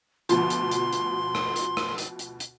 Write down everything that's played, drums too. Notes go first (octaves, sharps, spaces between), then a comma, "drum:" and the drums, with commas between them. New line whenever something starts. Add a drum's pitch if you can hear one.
D2 B2 F3 C6, drum: hi-hat
drum: hi-hat
drum: hi-hat
drum: hi-hat
drum: rim click
drum: hi-hat
drum: rim click
drum: hi-hat
drum: hi-hat
drum: hi-hat